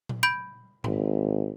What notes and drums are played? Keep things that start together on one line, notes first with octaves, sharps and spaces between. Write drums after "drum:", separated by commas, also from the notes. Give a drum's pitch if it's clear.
drum: tom A#2
B5 G6 D7
G#1, drum: tom G#2